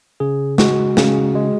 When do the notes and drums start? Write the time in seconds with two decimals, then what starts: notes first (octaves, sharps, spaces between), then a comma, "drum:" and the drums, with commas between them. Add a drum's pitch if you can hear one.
0.20 C#3 G#4
0.58 G#3 F#4, drum: snare
0.97 C#3, drum: snare
1.35 G#3